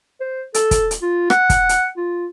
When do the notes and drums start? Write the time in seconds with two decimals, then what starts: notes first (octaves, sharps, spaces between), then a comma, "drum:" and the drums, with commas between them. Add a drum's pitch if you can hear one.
0.20 C5
0.54 A4, drum: hi-hat
0.71 drum: kick, hi-hat
0.91 drum: hi-hat
1.02 F4
1.30 F#5, drum: rim click
1.50 drum: kick, hi-hat
1.69 drum: hi-hat
1.97 F4